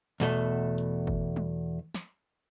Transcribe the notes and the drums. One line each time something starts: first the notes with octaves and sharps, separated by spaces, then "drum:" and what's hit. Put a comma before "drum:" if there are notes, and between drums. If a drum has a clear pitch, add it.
E2 B2 A3, drum: snare
drum: hi-hat
drum: kick G1
drum: tom F#3
drum: snare